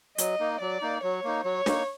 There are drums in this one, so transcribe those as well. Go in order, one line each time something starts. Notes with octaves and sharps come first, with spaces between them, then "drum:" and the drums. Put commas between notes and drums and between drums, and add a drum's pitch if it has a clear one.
F#3 D#5, drum: hi-hat
A#3 D#4
F#3 D5
A#3 D#4
F#3 C#5
A#3 D#4
F#3 C#5
A#3 D#4, drum: snare